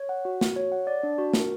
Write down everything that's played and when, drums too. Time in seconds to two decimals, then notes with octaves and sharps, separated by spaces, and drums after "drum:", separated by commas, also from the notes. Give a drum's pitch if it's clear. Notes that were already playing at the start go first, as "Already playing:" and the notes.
Already playing: C#5
0.09 F#5
0.25 F#4
0.41 F#4, drum: snare
0.56 C#5
0.72 F#5
0.87 D5
1.03 D4
1.18 F#4
1.33 A#4, drum: snare